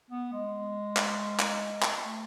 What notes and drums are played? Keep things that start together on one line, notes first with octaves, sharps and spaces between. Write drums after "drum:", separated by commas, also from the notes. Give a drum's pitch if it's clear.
B3
G#3
drum: clap
drum: clap
drum: clap
A3